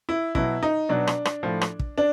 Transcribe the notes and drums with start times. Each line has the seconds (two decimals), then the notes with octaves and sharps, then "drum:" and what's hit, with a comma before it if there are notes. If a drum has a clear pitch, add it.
0.09 E4
0.35 B2 F#3 E4, drum: kick
0.63 D#4
0.89 B2 F#3 D4
1.07 drum: rim click
1.25 drum: rim click
1.43 A2 F3
1.61 drum: rim click
1.79 drum: kick
1.98 D4